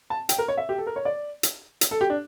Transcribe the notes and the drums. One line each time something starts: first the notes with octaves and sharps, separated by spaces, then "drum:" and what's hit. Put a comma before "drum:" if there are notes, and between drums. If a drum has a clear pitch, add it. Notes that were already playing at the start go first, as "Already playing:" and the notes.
A5
G5, drum: hi-hat
A#4
C#5
E5
G4
A4
A#4
C#5
D5
drum: hi-hat
drum: hi-hat
A4
G4
D4